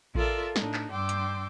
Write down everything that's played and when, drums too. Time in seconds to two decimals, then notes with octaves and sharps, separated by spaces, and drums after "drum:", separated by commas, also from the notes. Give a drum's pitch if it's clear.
0.15 F4 A4 A#4 D5 E5, drum: kick A1
0.56 A2 D4 D#4, drum: snare
0.74 drum: clap
0.91 G2 G5 C6 D6 E6
1.09 drum: hi-hat